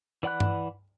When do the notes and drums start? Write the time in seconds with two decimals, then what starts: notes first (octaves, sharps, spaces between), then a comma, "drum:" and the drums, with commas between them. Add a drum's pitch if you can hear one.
0.23 E3 D5 F#5 B5 F#6
0.40 drum: tom G2